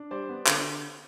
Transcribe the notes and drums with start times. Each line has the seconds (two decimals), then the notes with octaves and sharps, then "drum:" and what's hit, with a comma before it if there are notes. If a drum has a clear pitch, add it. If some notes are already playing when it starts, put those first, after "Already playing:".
Already playing: D4
0.11 G3 C5 D5
0.29 B3
0.46 D3, drum: clap